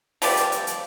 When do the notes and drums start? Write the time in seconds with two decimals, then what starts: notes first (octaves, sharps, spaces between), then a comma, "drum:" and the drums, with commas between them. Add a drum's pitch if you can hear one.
0.22 F3 B3 G4 D5, drum: open hi-hat
0.37 drum: hi-hat
0.52 drum: hi-hat
0.67 drum: hi-hat